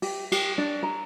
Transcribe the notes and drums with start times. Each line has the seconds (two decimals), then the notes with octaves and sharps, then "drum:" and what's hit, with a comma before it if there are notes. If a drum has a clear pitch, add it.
0.02 G4, drum: open hi-hat
0.32 G4, drum: cymbal
0.58 D4
0.83 A#5